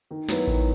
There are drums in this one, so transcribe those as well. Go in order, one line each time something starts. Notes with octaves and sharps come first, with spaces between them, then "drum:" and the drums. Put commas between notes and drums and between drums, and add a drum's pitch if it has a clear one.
D#3
F#3 B3 E4, drum: snare
D#3, drum: kick A1